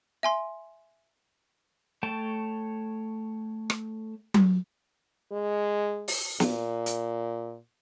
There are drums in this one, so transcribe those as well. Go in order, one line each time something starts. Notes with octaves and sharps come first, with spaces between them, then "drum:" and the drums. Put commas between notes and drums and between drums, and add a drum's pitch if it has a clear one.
E5 G#5 C6
A3 C#5 G5 A5
drum: rim click
drum: tom F#3
G#3
drum: open hi-hat
A#2, drum: snare
drum: hi-hat